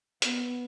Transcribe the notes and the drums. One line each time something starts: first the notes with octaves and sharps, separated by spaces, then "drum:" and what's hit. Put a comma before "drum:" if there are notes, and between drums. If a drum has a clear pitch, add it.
B3, drum: hi-hat